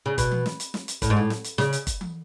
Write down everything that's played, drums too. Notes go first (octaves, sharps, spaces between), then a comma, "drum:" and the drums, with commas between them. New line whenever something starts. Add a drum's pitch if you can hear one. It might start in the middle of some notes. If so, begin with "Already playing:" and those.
C#3
B2, drum: kick, hi-hat
drum: tom E3
drum: snare
drum: hi-hat
drum: snare
drum: hi-hat
A2, drum: kick, hi-hat
G#2
A2
drum: snare
drum: hi-hat
C#3, drum: snare
drum: hi-hat
drum: kick, hi-hat
drum: tom E3